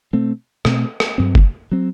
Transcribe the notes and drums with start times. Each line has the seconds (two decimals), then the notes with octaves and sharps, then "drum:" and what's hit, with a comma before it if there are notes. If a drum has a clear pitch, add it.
0.13 B2 A3 C4
0.65 B2 A3 C4, drum: rim click
1.00 drum: rim click
1.18 G2 F#3 C4
1.35 drum: kick
1.72 F#3 C4